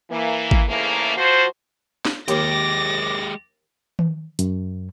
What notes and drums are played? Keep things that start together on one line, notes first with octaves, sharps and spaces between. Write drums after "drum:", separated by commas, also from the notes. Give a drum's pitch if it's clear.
E3 A#3
drum: kick G#1
G#2 C#3 E3 A3 A#3
F3 F4 F#4 C5
drum: snare
D#2 G#3 G4 D6 A6 A#6, drum: hi-hat
drum: tom D#3
F#2, drum: hi-hat